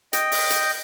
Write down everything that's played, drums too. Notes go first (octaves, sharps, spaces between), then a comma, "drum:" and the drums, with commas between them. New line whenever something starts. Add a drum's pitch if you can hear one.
D#5 G5, drum: hi-hat
drum: open hi-hat
drum: hi-hat